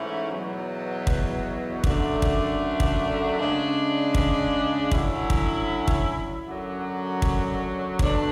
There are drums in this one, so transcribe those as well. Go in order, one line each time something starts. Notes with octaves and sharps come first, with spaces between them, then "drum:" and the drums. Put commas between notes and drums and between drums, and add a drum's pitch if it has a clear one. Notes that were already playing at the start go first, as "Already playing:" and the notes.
Already playing: G#2 E3 A3 C#4 E4
E2 B2 F#3
drum: kick
F#2 D3 A3 D4, drum: kick
drum: kick
drum: kick
C#3 G#3 D4
drum: kick
D3 F#3 C#4 E4, drum: kick
drum: kick
drum: kick
F#2 D3 F#3
drum: kick
B2 A3 D4, drum: kick